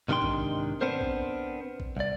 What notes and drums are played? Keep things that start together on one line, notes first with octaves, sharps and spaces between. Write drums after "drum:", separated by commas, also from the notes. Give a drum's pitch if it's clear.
G#2 C3 D#3 D4 G5 C6
drum: kick A#1
B3 C4 D4 A#4 C5
drum: kick A#1
drum: kick A#1
C2 D5